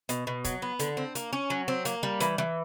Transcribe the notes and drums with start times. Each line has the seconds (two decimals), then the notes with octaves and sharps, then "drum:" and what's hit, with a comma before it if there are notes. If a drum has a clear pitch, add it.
0.09 B2, drum: hi-hat
0.27 B2
0.45 F#3, drum: kick, hi-hat
0.62 B3
0.79 D3, drum: hi-hat
0.97 C4
1.15 A#3, drum: hi-hat
1.33 C#4
1.50 F#3
1.68 C4
1.85 A#3, drum: hi-hat
2.03 G3
2.20 E3, drum: hi-hat
2.38 E3